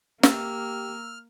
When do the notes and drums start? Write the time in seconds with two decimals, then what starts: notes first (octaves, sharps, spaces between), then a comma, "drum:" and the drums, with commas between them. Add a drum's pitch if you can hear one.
0.23 A#3 G4 E6 F6, drum: snare